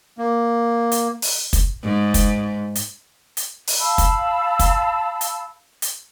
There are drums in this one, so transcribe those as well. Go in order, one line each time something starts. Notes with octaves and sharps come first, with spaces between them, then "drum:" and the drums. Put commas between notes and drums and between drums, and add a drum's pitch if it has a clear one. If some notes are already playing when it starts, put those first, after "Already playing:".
A#3
drum: hi-hat
drum: open hi-hat
drum: kick, hi-hat
G#2
drum: kick, hi-hat
drum: hi-hat
drum: hi-hat
drum: open hi-hat
F5 A5 B5 E6
drum: kick, hi-hat
drum: kick, hi-hat
drum: hi-hat
drum: hi-hat